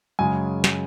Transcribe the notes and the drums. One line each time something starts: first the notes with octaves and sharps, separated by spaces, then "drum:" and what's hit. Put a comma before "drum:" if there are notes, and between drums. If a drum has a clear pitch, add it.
F#2 C#3 G#3 G#5
drum: snare